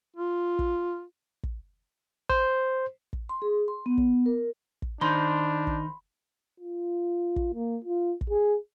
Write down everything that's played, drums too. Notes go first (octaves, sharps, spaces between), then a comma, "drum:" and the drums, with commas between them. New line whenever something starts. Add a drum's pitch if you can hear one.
F4
drum: kick
drum: kick
C5, drum: kick
drum: kick
C6
G#4
C6
B3
drum: kick
A#4
drum: kick
D#3 D4 D#4 C5 B5 C6
drum: kick
F4
drum: kick
A#3
F4
drum: kick
G#4